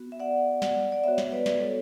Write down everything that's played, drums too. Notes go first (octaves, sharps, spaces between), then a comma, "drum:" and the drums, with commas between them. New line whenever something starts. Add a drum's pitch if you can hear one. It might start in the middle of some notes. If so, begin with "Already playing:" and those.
Already playing: B3 F#4
E5
D5 F#5
drum: snare
D5
B3 F#4 C#5 E5
drum: snare
B4 D5
drum: snare
A4 C#5